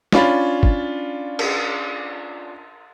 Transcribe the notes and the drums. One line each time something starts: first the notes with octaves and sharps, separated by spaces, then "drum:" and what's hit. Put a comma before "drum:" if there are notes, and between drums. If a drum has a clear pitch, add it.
C#4 D4 F4 B5, drum: snare
drum: kick
drum: cymbal